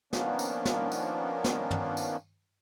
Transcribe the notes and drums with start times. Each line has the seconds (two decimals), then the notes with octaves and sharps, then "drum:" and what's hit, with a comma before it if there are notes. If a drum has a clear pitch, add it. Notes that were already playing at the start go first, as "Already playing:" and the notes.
0.13 D#3 F3 A#3 B3 C#4 D4, drum: snare
0.39 drum: tambourine
0.65 drum: snare
0.92 drum: tambourine
1.44 drum: snare
1.71 drum: tom
1.97 drum: tambourine